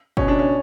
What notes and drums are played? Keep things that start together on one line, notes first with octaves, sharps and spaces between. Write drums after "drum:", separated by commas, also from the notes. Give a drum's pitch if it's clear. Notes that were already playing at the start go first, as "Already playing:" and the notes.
B2 C#4, drum: kick F#1
D4
C#4